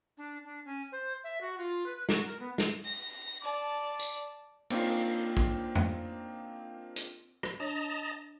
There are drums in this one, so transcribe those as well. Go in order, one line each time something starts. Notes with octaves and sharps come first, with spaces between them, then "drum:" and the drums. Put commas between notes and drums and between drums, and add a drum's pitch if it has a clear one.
D4
D4
C#4
C5
E5
F#4
F4
B4
F#4, drum: snare
A#4
B3
drum: snare
A#6
D5 A5
drum: tambourine
A#3 C4 D4 D#4 F4, drum: cymbal
drum: kick
drum: tom F2
drum: hi-hat
drum: rim click
D4 C#5 D#5 A5 A#5